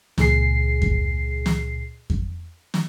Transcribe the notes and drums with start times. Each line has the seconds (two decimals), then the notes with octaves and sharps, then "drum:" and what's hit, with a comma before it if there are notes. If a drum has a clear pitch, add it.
0.18 C#2 A#2 G#4 C7, drum: snare
0.82 drum: kick F2
1.46 drum: snare
2.10 drum: kick F2
2.74 drum: snare